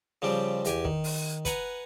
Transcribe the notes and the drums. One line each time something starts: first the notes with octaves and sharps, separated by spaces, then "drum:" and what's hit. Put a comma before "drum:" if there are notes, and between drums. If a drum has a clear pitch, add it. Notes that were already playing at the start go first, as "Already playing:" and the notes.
C#3 F3 G3 C4 G4
E2 G4 G#5, drum: hi-hat
D#3, drum: kick
drum: open hi-hat
B4 F#5 G#5 A#5, drum: kick, hi-hat